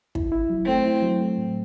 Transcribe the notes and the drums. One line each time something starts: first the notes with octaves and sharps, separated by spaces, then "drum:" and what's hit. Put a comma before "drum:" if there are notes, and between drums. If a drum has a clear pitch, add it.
E4, drum: kick
E4
F#3
A3 C4
E4
F#3
A3
A2